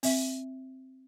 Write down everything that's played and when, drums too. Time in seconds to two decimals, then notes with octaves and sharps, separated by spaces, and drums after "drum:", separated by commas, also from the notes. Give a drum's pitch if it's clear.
0.03 C4 E5, drum: open hi-hat